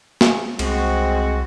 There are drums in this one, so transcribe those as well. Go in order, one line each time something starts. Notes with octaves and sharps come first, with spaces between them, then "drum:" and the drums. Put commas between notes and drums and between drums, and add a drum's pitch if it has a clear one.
drum: snare
C2 G#3 C4 F#4, drum: cymbal